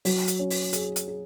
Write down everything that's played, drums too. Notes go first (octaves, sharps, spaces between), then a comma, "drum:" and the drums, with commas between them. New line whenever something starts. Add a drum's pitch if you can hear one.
F#3, drum: open hi-hat
drum: hi-hat
C#4
drum: open hi-hat
G#4, drum: hi-hat
drum: hi-hat
G#4